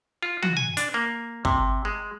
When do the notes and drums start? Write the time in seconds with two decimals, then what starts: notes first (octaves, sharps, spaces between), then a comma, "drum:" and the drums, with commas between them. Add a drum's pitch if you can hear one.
0.23 F4
0.43 F#4, drum: tom
0.57 G#5
0.77 D4, drum: hi-hat
0.94 A#3
1.45 C3, drum: kick
1.85 G#3